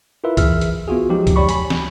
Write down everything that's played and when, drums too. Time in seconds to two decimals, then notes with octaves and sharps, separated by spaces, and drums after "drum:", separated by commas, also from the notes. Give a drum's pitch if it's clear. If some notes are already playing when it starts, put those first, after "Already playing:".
0.24 E4 F4 A#4 B4 E5
0.37 B1 E3 G#4 E5 F6, drum: kick, hi-hat
0.61 drum: hi-hat
0.88 B3 F4 F#4 G#4
1.09 F3 F#3 G#3 D#4 G4
1.27 drum: kick, hi-hat
1.36 D2 G4 C#5 D5 B5 C#6
1.49 G#5 B5, drum: hi-hat
1.70 drum: snare